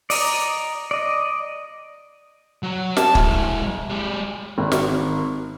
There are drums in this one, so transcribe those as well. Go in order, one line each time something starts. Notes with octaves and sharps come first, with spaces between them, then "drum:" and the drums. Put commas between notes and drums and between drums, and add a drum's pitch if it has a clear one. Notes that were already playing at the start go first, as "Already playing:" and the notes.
D5 D#5 A#5, drum: open hi-hat
D5 D#5
F#3
A5, drum: snare
G#3 E4, drum: kick
G#3 G4
G#1
drum: snare